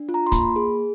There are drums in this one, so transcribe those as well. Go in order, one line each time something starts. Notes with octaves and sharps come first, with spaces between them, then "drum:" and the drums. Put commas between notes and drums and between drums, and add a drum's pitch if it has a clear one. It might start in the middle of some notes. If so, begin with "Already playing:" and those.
Already playing: D4
F4
A#5
C6
A#3 B5, drum: kick, hi-hat
G#4